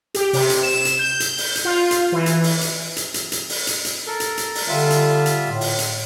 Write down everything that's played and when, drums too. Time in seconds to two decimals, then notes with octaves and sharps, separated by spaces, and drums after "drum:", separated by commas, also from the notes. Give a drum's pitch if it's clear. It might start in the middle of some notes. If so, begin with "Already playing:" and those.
0.14 G4, drum: hi-hat
0.33 C3, drum: open hi-hat
0.50 drum: hi-hat
0.63 E7
0.85 drum: hi-hat
0.99 G6
1.20 drum: hi-hat
1.38 drum: open hi-hat
1.55 drum: hi-hat
1.65 F4
1.91 drum: hi-hat
2.12 E3
2.26 drum: hi-hat
2.44 drum: open hi-hat
2.61 drum: hi-hat
2.97 drum: hi-hat
3.14 drum: hi-hat
3.32 drum: hi-hat
3.49 drum: open hi-hat
3.67 drum: hi-hat
3.85 drum: hi-hat
4.07 A4 A#4
4.20 drum: hi-hat
4.38 drum: hi-hat
4.55 drum: open hi-hat
4.68 D3 G3 F4 E5
4.90 drum: hi-hat
5.26 drum: hi-hat
5.48 A2
5.61 drum: open hi-hat
5.79 drum: hi-hat